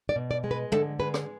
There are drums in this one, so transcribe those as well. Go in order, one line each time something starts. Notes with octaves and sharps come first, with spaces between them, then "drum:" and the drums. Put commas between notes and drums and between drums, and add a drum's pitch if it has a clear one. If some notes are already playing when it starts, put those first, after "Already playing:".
D5
B2
D5
G#3
B4
D3 A4, drum: tom
G#3 B4
drum: rim click